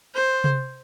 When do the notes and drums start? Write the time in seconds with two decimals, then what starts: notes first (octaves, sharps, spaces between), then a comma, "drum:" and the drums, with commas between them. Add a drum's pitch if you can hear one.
0.15 C5
0.44 drum: tom C3